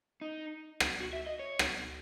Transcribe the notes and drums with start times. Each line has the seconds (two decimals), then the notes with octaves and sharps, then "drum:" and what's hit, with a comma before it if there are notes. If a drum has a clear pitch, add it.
0.21 D#4
0.80 drum: rim click
1.00 F#4
1.13 E5
1.26 D#5
1.39 C#5
1.59 drum: rim click